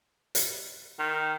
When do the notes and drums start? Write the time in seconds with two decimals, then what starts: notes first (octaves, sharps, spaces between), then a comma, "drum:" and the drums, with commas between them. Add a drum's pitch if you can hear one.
0.35 drum: hi-hat
0.99 D#3